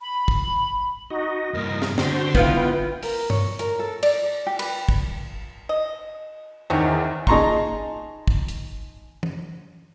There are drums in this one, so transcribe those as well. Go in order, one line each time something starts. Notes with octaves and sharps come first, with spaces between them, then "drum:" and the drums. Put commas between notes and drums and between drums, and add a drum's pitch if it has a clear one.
B5
drum: kick
D#4 F#4 D#5
G2 A#3 A#4 D#5
drum: snare
D3 F#4 C5 C6, drum: snare
B3 E4 F4 F5 G5, drum: kick
A#4, drum: open hi-hat
C#5, drum: tom G2
A#4, drum: hi-hat
A4
D5, drum: cymbal
G4
B4, drum: cymbal
drum: kick
D#5
E2 D#3 C4 C#4 E4
D#4 G#4 A5 A#5 C6 C#6, drum: kick
drum: kick
drum: hi-hat
drum: tom